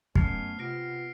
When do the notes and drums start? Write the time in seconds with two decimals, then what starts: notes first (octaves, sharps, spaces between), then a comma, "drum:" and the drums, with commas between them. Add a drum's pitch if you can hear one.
0.16 F#2 A3 B3 C#4 F6 C7 F7, drum: kick
0.59 C3 B3 F4 F6 A#6 D7